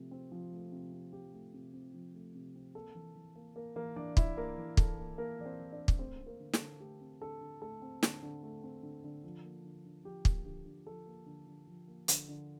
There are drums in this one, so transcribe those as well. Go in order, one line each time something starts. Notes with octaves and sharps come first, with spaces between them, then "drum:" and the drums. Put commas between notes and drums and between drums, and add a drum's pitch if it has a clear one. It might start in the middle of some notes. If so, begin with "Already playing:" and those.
Already playing: C3 F3 A3
C4
F3
A3
C3
C4
F3 G4
A3
C3
C4
F3
A3
C3
C4
A#3 A4
E3
E3
A#3
A#3 A#4
E3 A#3 A#4
E3 D4 D5
A#3 E4 E5, drum: kick
A#3 A#4
E3
E3 A4, drum: kick
A#3
A#3 A#4
E3 D5
C4 C5
E3
D4 D5
A#3
drum: kick
A3 C4 C5
C4
A#3 A#4
D3
A4, drum: snare
D3
A3 G4
C4
D3 A4
D3
A3 A4
C4
D3, drum: snare
D3
A3
C4
D3
D3
F3
A#3
D3
D3
F3 G4
A#3, drum: kick
D3 G4
D3
F3 A4
A#3
D3
D3
F3
A#3
D3, drum: hi-hat
D3